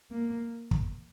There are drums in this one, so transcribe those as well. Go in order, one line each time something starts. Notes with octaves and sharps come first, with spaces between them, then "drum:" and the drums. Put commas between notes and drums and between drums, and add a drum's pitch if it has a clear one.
A#3
drum: kick